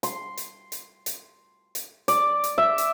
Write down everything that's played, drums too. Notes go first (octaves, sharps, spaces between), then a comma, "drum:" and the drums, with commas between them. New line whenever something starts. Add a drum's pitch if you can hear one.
C6, drum: hi-hat
drum: hi-hat
drum: hi-hat
drum: hi-hat
drum: hi-hat
D5, drum: hi-hat
drum: hi-hat
E5
drum: hi-hat